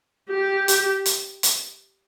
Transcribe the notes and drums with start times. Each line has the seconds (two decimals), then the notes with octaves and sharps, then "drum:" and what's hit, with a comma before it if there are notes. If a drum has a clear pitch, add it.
0.30 G4
0.68 drum: hi-hat
1.06 drum: hi-hat
1.43 drum: hi-hat